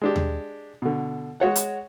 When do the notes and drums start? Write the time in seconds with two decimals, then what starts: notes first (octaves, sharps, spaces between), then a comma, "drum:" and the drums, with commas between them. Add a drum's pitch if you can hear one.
0.02 G#3 D4 G4
0.16 drum: tom D#2
0.82 B2 D3
1.40 G#3 F#4 C#5 F#5
1.56 drum: hi-hat